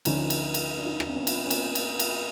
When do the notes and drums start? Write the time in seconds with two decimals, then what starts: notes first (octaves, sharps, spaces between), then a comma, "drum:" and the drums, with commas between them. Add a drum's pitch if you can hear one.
0.05 D2 D3 F3 C#4 D#4, drum: cymbal
0.30 drum: cymbal
0.54 drum: cymbal
0.78 D4
0.86 D#4
0.93 D4
1.00 D#4, drum: rim click
1.07 C4 D4
1.15 B3 C#4
1.27 drum: cymbal
1.46 C#4
1.50 A#3 C4, drum: cymbal
1.75 drum: cymbal
1.99 drum: cymbal